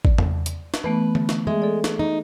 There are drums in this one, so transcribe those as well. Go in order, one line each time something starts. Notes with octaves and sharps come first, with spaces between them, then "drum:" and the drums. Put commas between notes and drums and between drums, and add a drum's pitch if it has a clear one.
D5, drum: kick G#1
drum: tom E2
drum: hi-hat
drum: snare
E3 A3 B3 B4
drum: tom D3
drum: snare
G#3 G#4 E5
A4 D5
drum: snare
D#4